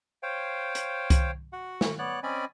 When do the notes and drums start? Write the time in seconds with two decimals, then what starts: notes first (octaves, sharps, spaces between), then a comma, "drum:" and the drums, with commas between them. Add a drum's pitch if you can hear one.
0.23 C5 C#5 F5 G5
0.75 drum: hi-hat
1.10 drum: kick C2, hi-hat
1.53 F#4 F#5
1.81 drum: snare
1.99 B3 C#5 D5 F#6
2.23 C4 C#4 D5 D#5 G#5 B5